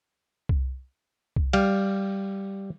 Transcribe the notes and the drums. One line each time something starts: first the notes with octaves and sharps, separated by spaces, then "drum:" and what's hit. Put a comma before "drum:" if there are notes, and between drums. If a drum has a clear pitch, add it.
drum: kick C2
drum: kick C2
G3 F5, drum: cymbal